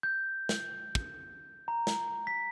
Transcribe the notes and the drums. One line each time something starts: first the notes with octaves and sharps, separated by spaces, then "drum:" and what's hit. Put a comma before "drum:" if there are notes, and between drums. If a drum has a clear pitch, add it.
G6
drum: snare
drum: kick
A#5
drum: snare
B6